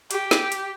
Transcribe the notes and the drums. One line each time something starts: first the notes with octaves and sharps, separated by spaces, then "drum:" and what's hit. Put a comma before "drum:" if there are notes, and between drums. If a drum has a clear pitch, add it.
G4, drum: hi-hat
drum: snare
drum: hi-hat